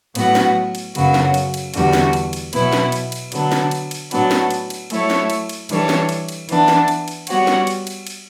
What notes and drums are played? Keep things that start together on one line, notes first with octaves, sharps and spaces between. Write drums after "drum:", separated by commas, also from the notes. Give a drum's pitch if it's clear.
A2 F#3 B3 F#4 B4, drum: cymbal
drum: snare
drum: cymbal
F#2 C#3 F#3 B3 F#4, drum: cymbal
drum: snare
drum: cymbal
drum: cymbal
E2 D3 G3 D4 F#4, drum: cymbal
drum: snare
drum: cymbal
drum: cymbal
B2 F#3 B3 E4 B4, drum: cymbal
drum: snare
drum: cymbal
drum: cymbal
D3 F#3 B3 D4, drum: cymbal
drum: snare
drum: cymbal
drum: cymbal
A2 F#3 B3 D4, drum: cymbal
drum: snare
drum: cymbal
drum: cymbal
F#3 A3 E4 A4 C#5, drum: cymbal
drum: snare
drum: cymbal
drum: cymbal
E3 G3 D4 A4 C#5, drum: cymbal
drum: snare
drum: cymbal
drum: cymbal
E3 B3 D4, drum: cymbal
drum: snare
drum: cymbal
drum: cymbal
G3 B3 F#4 C#5, drum: cymbal
drum: snare
drum: cymbal
drum: cymbal
drum: cymbal